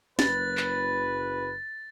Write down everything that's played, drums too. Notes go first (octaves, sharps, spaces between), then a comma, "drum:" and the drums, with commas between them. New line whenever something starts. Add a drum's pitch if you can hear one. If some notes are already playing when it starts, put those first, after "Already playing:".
F#1 B4 A6, drum: snare
drum: clap